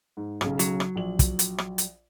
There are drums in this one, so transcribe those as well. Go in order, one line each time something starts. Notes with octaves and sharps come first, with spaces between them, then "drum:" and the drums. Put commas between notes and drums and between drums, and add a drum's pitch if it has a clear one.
G#2
B1 C#3, drum: rim click
F#3, drum: hi-hat
drum: rim click
A#1 F#7
drum: kick, hi-hat
drum: hi-hat
drum: rim click
drum: hi-hat